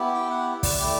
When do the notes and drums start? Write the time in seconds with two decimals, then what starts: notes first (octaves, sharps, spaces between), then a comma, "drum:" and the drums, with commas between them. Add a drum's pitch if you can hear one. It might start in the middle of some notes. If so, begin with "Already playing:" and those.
Already playing: B3 E4 G4
0.14 G5
0.30 F#5
0.63 D5, drum: kick, open hi-hat
0.79 A3 E4 G4 D5